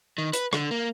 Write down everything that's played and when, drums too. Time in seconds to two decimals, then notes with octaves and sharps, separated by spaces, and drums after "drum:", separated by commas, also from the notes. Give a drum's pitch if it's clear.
0.18 D#3
0.33 B4, drum: hi-hat
0.53 D3, drum: rim click
0.71 A#3